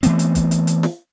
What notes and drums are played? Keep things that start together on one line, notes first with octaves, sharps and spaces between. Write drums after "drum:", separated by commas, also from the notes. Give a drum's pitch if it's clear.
E3 A3 B3 C4, drum: hi-hat
drum: hi-hat
drum: kick, hi-hat
drum: hi-hat
drum: hi-hat
drum: snare